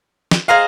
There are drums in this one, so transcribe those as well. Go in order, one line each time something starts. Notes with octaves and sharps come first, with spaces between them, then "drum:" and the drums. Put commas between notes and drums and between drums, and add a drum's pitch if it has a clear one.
drum: snare
G#4 C5 D#5 F5 A#5